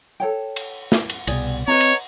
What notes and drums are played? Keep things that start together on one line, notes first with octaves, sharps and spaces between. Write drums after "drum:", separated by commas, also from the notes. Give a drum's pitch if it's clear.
A4 C#5 G5
drum: cymbal
drum: snare
drum: cymbal
C2 B2 G#4 D5 G5, drum: cymbal
C4 B4 C#5 D#5 A#5
drum: cymbal